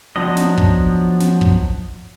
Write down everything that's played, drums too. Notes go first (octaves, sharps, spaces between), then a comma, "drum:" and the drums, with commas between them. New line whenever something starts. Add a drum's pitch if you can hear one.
F3 F#3 B3 D4 D#5
drum: snare
drum: kick
drum: snare
drum: kick